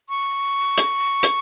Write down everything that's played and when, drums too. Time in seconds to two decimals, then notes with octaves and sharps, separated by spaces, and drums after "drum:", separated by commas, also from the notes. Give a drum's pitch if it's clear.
0.09 C#6
0.78 drum: hi-hat
1.23 drum: hi-hat